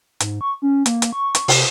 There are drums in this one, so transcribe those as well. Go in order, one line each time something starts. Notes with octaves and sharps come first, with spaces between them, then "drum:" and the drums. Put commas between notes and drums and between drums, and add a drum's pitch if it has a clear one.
G#2, drum: hi-hat
C#6
C#4
A#3, drum: hi-hat
drum: hi-hat
C#6
drum: hi-hat
C3, drum: open hi-hat